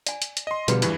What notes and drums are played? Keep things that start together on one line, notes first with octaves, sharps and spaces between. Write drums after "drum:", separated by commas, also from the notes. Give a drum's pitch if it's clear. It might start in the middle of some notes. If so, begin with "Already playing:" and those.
D5 G#5, drum: hi-hat
drum: hi-hat
drum: hi-hat
D#5 C6
B2 D3 F3 G3 G#4 B4 A#5, drum: hi-hat
E2 G2 E3, drum: hi-hat